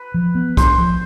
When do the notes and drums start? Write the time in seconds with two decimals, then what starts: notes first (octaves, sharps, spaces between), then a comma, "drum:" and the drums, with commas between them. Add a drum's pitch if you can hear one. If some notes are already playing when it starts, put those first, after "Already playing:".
Already playing: B4
0.14 F3
0.35 B3
0.57 D4 C5, drum: kick, hi-hat
0.78 F3